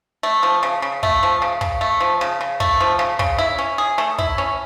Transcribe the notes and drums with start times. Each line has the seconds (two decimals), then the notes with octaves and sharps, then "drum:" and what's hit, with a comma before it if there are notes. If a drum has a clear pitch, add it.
0.23 A3
0.43 F3
0.63 C#3
0.82 C#3
1.03 A3, drum: kick
1.23 F3
1.42 C#3
1.61 C#3, drum: kick
1.81 A3
2.00 F3
2.21 C#3
2.41 C#3
2.60 A3, drum: kick
2.80 F3
2.99 C#3
3.19 C#3, drum: kick
3.38 E4
3.58 C#4
3.78 G#4
3.98 A3
4.18 E4, drum: kick
4.38 C#4